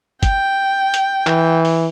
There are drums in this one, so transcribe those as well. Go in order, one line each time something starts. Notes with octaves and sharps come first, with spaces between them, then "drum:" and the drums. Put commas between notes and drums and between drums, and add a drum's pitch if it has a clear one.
G5, drum: kick G1, hi-hat
drum: hi-hat
E3, drum: clap
drum: open hi-hat